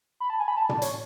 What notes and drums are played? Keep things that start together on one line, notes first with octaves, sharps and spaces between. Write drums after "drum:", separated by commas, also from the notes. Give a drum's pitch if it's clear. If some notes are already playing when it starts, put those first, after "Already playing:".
B5
A5
G#5
B5
A5
D5, drum: tom
C#5, drum: hi-hat